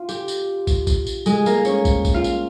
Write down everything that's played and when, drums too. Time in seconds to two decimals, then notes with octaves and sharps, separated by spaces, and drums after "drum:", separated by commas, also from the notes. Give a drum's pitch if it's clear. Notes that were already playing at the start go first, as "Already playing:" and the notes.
Already playing: F4
0.09 G4, drum: tambourine
0.28 drum: tambourine
0.67 drum: kick, tambourine
0.87 drum: kick, tambourine
1.07 drum: tambourine
1.26 G#3 G#4, drum: tambourine
1.46 A#3 A#4, drum: tambourine
1.65 C#4 C#5, drum: tambourine
1.85 drum: kick, tambourine
2.05 drum: kick, tambourine
2.14 F4 F5
2.24 drum: tambourine